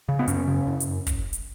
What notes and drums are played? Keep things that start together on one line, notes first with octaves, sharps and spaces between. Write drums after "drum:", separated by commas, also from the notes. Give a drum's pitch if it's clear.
C#3
B3
F#2 C#4, drum: hi-hat
C#3
F#2
drum: hi-hat
drum: kick, hi-hat
drum: hi-hat